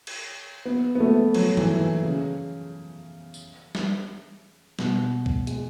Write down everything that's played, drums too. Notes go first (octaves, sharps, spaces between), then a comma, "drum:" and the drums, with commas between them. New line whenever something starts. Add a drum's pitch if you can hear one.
drum: cymbal
B3
B3
A3
F#3, drum: cymbal
E3, drum: tom
E3
C#3
drum: tambourine
drum: snare
B2, drum: snare
drum: kick C2
G#3, drum: hi-hat